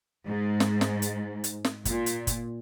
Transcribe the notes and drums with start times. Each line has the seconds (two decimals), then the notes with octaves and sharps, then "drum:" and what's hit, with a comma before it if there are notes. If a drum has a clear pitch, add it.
0.25 G#2
0.60 drum: snare
0.81 drum: snare
1.02 drum: hi-hat
1.44 drum: hi-hat
1.65 drum: snare
1.85 A#2, drum: kick, hi-hat
2.06 drum: hi-hat
2.27 drum: kick, hi-hat